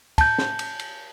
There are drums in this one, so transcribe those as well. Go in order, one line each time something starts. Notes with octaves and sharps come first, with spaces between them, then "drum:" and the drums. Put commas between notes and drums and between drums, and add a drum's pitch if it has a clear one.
A5 G6, drum: kick, cymbal
drum: snare
drum: cymbal
drum: cymbal